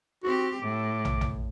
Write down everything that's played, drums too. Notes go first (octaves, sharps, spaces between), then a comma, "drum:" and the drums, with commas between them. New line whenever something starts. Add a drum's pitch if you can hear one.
C4 F#4 G4
A2 D6
drum: tom
drum: tom